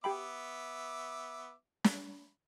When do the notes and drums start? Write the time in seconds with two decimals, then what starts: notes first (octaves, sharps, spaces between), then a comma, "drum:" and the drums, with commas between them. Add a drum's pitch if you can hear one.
0.04 B3 G4 E5 G5 B5 D6
1.84 drum: snare